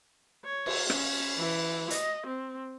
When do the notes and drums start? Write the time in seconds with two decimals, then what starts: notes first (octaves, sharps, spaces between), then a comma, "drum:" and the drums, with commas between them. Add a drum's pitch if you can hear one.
0.44 C#5
0.66 drum: cymbal
0.90 C#4, drum: rim click
1.37 E3
1.90 D#5, drum: hi-hat
2.27 C4